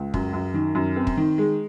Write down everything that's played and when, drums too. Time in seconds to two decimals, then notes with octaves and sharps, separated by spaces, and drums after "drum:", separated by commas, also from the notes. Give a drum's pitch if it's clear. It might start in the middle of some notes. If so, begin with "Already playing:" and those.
Already playing: C#2
0.14 F#2, drum: kick
0.33 F#2
0.54 D#3
0.75 F#2
0.96 C4
1.07 drum: kick
1.17 D#3
1.38 G#3